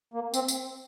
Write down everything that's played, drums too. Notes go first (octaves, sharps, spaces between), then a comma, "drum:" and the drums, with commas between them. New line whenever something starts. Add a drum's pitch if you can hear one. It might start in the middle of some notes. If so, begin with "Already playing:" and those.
A#3
C4, drum: tambourine
drum: tambourine